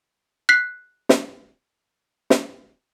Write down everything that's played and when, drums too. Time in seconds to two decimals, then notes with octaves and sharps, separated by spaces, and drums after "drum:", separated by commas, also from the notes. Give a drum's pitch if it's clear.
0.49 F#6 B6 C7
1.09 drum: snare
2.30 drum: snare